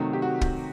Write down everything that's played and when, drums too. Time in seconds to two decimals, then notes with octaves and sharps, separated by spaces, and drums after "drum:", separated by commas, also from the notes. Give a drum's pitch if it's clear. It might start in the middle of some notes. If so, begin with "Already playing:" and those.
Already playing: C3 D#3 F#3 A3
0.13 G4
0.22 F#4
0.41 drum: kick